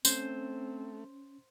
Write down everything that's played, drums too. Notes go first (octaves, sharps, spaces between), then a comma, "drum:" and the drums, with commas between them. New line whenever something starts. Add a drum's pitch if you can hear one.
A3 C4 C#4 C5, drum: tambourine